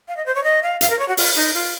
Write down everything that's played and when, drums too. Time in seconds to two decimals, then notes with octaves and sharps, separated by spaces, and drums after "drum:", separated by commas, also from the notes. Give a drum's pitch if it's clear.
0.08 F5
0.17 D#5
0.26 C5
0.35 C#5
0.44 D#5
0.63 F5
0.81 F5, drum: hi-hat
0.90 A#4
0.99 C#5
1.08 F#4
1.17 F4, drum: open hi-hat
1.35 D#4
1.54 F4